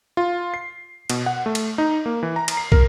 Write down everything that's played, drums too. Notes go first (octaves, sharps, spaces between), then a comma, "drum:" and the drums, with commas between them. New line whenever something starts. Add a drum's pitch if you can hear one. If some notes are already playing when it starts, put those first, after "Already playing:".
F4
C7
B2, drum: cymbal
F#5
A3
drum: cymbal
D#4
A#3
E3
A#5
drum: cymbal
C7
A#4, drum: kick